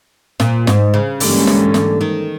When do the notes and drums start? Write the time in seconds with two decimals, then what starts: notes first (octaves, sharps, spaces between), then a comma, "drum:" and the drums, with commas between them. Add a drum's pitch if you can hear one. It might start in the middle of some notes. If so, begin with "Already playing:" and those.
0.40 A#2, drum: snare
0.67 G#2, drum: snare
0.94 C#3
1.20 G#2 D3 E3 G3 A#3 C#4, drum: open hi-hat
1.47 drum: snare
1.74 drum: snare
2.01 D#3